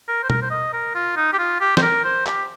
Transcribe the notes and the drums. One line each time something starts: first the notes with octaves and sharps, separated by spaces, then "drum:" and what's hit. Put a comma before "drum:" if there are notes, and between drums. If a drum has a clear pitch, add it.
A#4
C5
A#4, drum: tom B2
C5
D#5
A#4
F4
D#4
G4
F4
G4
C5, drum: snare
A#4
C5
G4, drum: clap